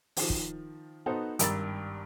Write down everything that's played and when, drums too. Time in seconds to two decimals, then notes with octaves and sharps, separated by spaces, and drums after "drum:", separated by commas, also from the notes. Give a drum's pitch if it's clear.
0.17 D#3 F3, drum: open hi-hat
0.30 drum: kick
1.06 B3 D#4 F#4 A4 C5
1.39 G#1 G2 A#4 B5 E6 A6, drum: hi-hat